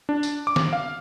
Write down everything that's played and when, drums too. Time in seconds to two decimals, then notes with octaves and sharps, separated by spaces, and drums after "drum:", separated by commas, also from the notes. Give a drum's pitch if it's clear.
0.09 D4
0.23 drum: tambourine
0.47 D6
0.56 drum: snare
0.73 F5